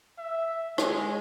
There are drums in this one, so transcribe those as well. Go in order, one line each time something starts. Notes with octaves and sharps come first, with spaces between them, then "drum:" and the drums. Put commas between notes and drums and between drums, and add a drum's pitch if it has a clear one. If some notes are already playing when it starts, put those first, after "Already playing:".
E5
G#3, drum: rim click